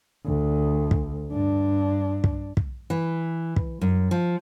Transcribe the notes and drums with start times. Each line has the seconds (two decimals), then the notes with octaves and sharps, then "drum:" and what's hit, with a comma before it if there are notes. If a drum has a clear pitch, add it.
0.25 D2
0.91 drum: kick
1.32 G2 D4
2.24 drum: kick
2.57 drum: kick
2.90 E3
3.56 drum: kick
3.81 F#2
4.11 F3